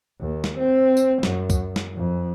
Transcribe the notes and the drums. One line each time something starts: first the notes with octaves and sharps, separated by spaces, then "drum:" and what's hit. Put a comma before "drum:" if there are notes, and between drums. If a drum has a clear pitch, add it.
D#2
drum: snare
C4
drum: tambourine
F#2, drum: snare
drum: kick, tambourine
drum: snare
F2